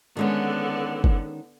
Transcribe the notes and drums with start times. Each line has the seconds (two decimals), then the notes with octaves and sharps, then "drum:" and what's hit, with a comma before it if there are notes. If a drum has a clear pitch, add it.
0.17 D3 D#3 G#3 B3 C#4
1.04 drum: kick F#1